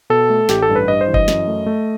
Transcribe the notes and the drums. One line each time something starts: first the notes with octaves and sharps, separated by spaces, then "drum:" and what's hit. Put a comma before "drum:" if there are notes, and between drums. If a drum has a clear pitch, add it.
B2 A4
A3
A1 G4, drum: snare
A4
G2
B4
G2 D#5
C5
E3
D#5, drum: kick
F#2, drum: snare
A3
A3